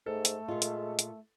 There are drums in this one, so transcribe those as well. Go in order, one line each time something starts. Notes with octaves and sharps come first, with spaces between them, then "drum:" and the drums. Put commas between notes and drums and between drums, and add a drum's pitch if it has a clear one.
G#2 A3 A4
drum: hi-hat
A#2 G#3 F4
drum: hi-hat
drum: hi-hat